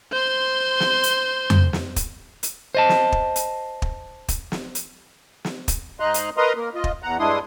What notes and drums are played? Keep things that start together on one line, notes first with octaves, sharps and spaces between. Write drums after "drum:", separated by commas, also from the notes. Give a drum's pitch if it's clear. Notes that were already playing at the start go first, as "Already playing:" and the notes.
C5 C6
drum: snare
drum: hi-hat
drum: tom F2
drum: snare
drum: kick, hi-hat
drum: hi-hat
C5 D#5 A5
drum: snare
drum: kick
drum: hi-hat
drum: kick
drum: kick, hi-hat
drum: snare
drum: hi-hat
drum: snare
drum: kick, hi-hat
G#2 D#4 D#5 A#5 C6 F#6
drum: hi-hat
A#4 B4 D#5 A#5 C6 D#6
A#3 A#4
F4 D#5
drum: kick
E2 F#5 A#5
G2 G#3 D4 E4 C6 D#6